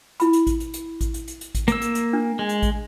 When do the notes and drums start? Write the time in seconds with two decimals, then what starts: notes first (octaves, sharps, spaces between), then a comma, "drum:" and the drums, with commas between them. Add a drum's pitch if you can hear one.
0.20 E4 B5, drum: hi-hat
0.33 drum: hi-hat
0.47 drum: kick A1, hi-hat
0.60 drum: hi-hat
0.74 drum: hi-hat
1.01 drum: kick A1, hi-hat
1.14 drum: hi-hat
1.28 drum: hi-hat
1.41 drum: hi-hat
1.55 drum: kick A1, hi-hat
1.68 A#3 E6, drum: hi-hat
1.82 drum: hi-hat
1.95 drum: hi-hat
2.13 D4
2.39 G#3
2.49 drum: hi-hat
2.63 drum: kick A1, hi-hat